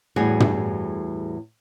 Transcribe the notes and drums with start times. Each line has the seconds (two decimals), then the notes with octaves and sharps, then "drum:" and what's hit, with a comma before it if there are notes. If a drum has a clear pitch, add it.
0.16 E2 A2 G3 F#4 G#4
0.40 drum: tom